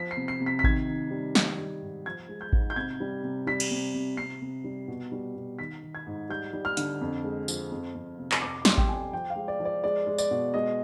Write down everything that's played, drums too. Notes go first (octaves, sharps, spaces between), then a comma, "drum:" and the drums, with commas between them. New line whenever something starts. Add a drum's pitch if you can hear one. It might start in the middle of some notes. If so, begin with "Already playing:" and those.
Already playing: F3 B6
C7
C3
C7
C3
B6
B6
D#3 G#6, drum: kick A1
D#3
G3
D#3, drum: snare
G3
G#2
F3 G#6
G#3
G6
G#2, drum: kick A1
G6
C3 G#6
G3
C3
G3 B6
drum: cymbal
C3
C3
C3 C7
C3
G3
B2
G3
B2
D#3 B6
D#3
G#6
G#2
G3 G6
G3
F6
D3, drum: hi-hat
F2
G#3
F3, drum: tambourine
F2
F2
C3
drum: clap
F2 D6
D6
G3 C6, drum: snare
G5, drum: kick A1
F2 G#5
F3 G5
F5
G#3
D5
F3
D5
G#3 D5
G#3
D5, drum: tambourine
B2
G#3 D#5